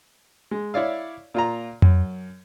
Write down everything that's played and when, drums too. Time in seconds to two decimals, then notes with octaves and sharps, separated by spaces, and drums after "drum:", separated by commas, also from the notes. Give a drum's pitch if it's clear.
0.51 G#3
0.74 E4 C#5 D5 F5
1.34 A#2 F4 A#5
1.82 F#2, drum: tom F2